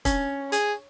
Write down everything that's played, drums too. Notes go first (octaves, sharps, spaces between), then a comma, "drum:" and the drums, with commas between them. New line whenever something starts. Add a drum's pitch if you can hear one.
C#4, drum: kick, hi-hat
G#4, drum: hi-hat